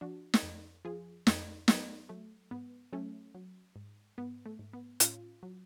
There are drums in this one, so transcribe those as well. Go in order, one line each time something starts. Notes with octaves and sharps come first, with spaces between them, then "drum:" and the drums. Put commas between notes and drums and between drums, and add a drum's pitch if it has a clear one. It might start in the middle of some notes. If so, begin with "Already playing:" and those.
F3 D4 F#4
drum: snare
F2
F3 F4 G#4
F2, drum: snare
F#3 B3, drum: snare
F#3 A3
G#2 B3
F#3 A3 C#4
F#3
G#2
G#2 B3
A3
G#2
B3
A2 C#4 F4, drum: hi-hat
F#3